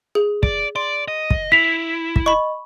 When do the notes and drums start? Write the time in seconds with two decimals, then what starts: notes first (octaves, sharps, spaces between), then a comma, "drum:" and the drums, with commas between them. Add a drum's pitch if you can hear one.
0.15 G#4
0.43 D5, drum: kick
0.76 D5 C6
1.08 D#5
1.31 drum: kick
1.52 E4 B6 F7
2.16 drum: kick
2.26 D#5 B5 C#6